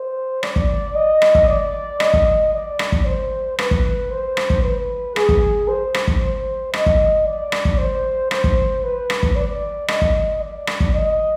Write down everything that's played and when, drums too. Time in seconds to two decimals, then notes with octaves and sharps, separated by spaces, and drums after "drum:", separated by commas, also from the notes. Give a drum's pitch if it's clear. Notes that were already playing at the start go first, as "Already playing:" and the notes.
Already playing: C5
0.43 D5, drum: rim click
0.56 drum: kick
0.95 D#5
1.22 drum: rim click
1.35 drum: kick
1.47 D5
2.00 D#5, drum: rim click
2.14 drum: kick
2.53 D5
2.79 drum: rim click
2.92 drum: kick
3.05 C5
3.59 B4, drum: rim click
3.71 drum: kick
4.11 C5
4.37 drum: rim click
4.50 drum: kick
4.63 B4
5.16 G#4, drum: rim click
5.29 drum: kick
5.68 C5
5.94 drum: rim click
6.08 drum: kick
6.21 C5
6.73 D#5, drum: rim click
6.86 drum: kick
7.26 D5
7.52 drum: rim click
7.65 drum: kick
7.78 C5
8.31 C5, drum: rim click
8.44 drum: kick
8.84 B4
9.10 drum: rim click
9.23 drum: kick
9.36 D5
9.88 D#5, drum: rim click
10.02 drum: kick
10.41 D5
10.67 drum: rim click
10.80 drum: kick
10.94 D#5